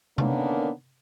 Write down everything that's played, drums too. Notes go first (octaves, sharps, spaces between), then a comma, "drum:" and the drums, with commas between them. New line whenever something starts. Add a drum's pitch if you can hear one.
D3 D#3 A#3 B3 C#4 D4, drum: tom C3